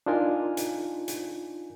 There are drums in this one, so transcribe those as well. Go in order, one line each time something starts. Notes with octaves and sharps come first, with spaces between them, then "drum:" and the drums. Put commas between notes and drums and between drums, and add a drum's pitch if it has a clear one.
D4 D#4 F4 A#4 G#5
drum: hi-hat
drum: hi-hat